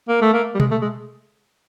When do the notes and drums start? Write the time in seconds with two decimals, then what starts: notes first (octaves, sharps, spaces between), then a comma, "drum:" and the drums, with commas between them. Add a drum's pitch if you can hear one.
0.09 A#3
0.22 A3
0.34 A#3
0.55 G3
0.60 G#3, drum: tom B2
0.71 A3
0.82 G#3